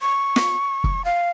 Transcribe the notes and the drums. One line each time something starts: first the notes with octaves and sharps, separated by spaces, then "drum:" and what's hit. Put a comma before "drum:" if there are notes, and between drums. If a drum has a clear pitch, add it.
C#6
drum: snare
drum: kick
F5